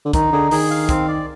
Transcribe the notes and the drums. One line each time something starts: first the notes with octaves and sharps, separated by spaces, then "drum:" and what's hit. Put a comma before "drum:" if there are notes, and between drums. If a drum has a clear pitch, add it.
D3
D#3 D#4, drum: kick, hi-hat
D3 G#4
D#3 G#4, drum: open hi-hat
F5
C4, drum: kick, hi-hat
D5